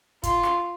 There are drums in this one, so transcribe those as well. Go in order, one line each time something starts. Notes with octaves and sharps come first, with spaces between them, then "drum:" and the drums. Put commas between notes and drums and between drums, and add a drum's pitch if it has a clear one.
F4, drum: kick, hi-hat
drum: rim click